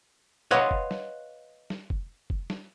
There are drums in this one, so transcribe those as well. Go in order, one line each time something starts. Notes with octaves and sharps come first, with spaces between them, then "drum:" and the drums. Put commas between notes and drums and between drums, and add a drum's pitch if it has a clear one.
B4 C#5 D#5 F5 F#5 C6
drum: kick
drum: snare
drum: snare
drum: kick
drum: kick
drum: snare